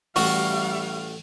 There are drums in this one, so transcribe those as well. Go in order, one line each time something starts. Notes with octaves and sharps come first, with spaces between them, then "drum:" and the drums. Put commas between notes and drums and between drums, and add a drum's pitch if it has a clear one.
A1 G3 A3 F#4 F5, drum: open hi-hat